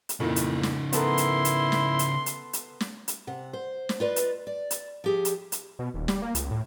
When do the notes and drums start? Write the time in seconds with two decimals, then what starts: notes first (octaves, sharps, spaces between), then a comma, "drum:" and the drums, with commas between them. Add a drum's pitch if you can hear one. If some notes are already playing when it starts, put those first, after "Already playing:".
0.09 drum: hi-hat
0.20 F2 A#2 C#3 E3 D#4
0.36 drum: hi-hat
0.63 drum: snare
0.93 B3 E4 A4 A#4 C6, drum: hi-hat
1.18 drum: hi-hat
1.45 drum: hi-hat
1.72 drum: snare
1.99 drum: hi-hat
2.26 drum: hi-hat
2.53 drum: hi-hat
2.80 drum: snare
3.08 drum: hi-hat
3.27 C3 F#5
3.53 C5
3.89 drum: snare
4.00 F4 B4 D5 D#5
4.16 drum: hi-hat
4.47 D5
4.71 drum: hi-hat
5.04 F3 G4 G#4
5.25 drum: hi-hat
5.52 drum: hi-hat
5.79 B2
5.94 D#1
6.08 G3, drum: snare
6.22 A#3
6.35 C#2, drum: hi-hat
6.51 A2